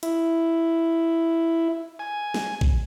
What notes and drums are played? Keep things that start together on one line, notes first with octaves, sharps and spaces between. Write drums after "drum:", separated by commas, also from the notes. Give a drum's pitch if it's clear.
E4, drum: hi-hat
G#5
drum: snare
drum: kick